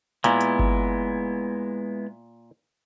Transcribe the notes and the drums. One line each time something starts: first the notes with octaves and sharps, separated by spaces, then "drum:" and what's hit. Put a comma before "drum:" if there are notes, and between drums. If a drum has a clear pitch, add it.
A#2 G#3 B3 E4, drum: hi-hat
drum: hi-hat
drum: kick G1